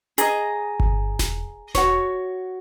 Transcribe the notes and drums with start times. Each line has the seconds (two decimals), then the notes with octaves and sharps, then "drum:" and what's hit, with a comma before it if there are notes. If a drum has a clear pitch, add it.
0.18 G#4 D#5 A#5, drum: hi-hat
0.80 drum: kick G1
1.19 drum: snare E1
1.75 F#4 C#5, drum: snare E1